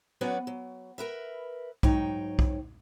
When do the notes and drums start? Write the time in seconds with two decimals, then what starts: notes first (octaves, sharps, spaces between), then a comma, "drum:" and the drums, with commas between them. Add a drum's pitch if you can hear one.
0.21 F#3 B3 C#4 F#4 B4 D5
0.47 F#3
0.98 A#4 B4 E5
1.83 G#2 F#3 D#4 C#5 G5, drum: kick B1
2.39 drum: kick B1